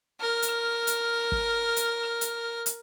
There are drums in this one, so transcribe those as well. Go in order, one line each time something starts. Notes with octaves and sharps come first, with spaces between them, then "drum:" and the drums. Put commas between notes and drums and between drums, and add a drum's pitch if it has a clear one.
A#4 F6
drum: hi-hat
drum: hi-hat
drum: kick
drum: hi-hat
drum: hi-hat
drum: hi-hat